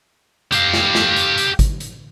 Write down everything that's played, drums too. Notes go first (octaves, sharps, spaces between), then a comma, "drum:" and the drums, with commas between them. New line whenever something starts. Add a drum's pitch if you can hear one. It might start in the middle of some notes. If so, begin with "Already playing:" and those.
G4 F5, drum: hi-hat
drum: snare
drum: snare
drum: hi-hat
drum: hi-hat
drum: kick G#1, hi-hat
drum: hi-hat